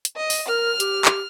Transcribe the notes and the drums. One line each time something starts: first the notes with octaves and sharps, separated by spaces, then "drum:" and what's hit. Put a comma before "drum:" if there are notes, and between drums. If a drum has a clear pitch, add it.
drum: hi-hat
D#5
drum: open hi-hat
A#4 F6
G4, drum: hi-hat
drum: clap